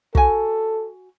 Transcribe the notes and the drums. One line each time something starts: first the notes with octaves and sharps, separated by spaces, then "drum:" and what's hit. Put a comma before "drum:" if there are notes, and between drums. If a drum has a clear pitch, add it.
F#4 A4 G#5, drum: kick